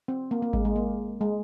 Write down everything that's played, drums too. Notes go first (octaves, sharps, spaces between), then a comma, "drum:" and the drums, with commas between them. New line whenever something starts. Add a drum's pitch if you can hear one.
C4
A#3
A#3
G#3, drum: kick G#1
G#3
A#3
G#3